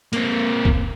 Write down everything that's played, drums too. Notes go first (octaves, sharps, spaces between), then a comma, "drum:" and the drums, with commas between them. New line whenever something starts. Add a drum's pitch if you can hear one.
A#3 C4, drum: hi-hat
drum: kick